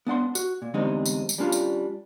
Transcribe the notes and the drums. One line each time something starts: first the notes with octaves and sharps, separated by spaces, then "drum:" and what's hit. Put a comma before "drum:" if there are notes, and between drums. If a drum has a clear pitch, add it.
B3 D4 F#5 C6
F#4, drum: tambourine
A#2
E2 D3 G3 G#3 C4 D#4
drum: tambourine
drum: tambourine
G3 C#4 D4 F4
drum: tambourine